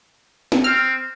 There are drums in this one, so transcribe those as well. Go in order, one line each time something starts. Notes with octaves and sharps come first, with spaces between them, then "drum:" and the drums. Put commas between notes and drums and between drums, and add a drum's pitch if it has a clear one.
drum: snare
C4 F6